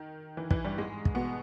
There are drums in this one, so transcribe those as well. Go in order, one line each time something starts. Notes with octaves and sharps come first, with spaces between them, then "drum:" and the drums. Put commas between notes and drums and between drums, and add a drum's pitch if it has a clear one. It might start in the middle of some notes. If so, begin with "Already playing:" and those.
Already playing: D#3
E3
E3, drum: kick
G2 G3
G#2 G#3
drum: kick
B2 B3